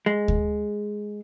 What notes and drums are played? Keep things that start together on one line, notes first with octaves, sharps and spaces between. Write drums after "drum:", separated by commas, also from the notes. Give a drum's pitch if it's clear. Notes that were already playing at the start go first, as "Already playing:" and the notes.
G#3
drum: kick D2